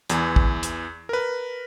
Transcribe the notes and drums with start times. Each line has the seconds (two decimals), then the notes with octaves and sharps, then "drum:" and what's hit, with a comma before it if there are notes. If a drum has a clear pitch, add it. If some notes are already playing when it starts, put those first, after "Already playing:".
0.10 E2 E3, drum: hi-hat
0.36 drum: kick
0.63 drum: hi-hat
1.09 A#4 B4